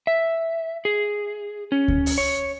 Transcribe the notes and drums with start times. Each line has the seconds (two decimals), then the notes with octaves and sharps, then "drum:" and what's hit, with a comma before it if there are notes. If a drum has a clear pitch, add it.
0.07 E5
0.85 G#4
1.72 C#4
1.88 drum: kick D2
2.06 drum: open hi-hat
2.18 C#5